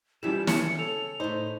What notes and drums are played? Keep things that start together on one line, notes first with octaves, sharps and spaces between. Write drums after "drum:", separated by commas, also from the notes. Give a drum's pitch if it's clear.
C#3 E3 F3 G3 G4 E5 E7
C#5 C#7, drum: snare
A4 F7
A2 D#4 C5